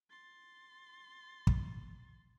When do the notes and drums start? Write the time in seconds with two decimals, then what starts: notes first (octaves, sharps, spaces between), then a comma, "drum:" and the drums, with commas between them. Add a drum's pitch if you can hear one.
0.10 C6 A6
1.47 drum: kick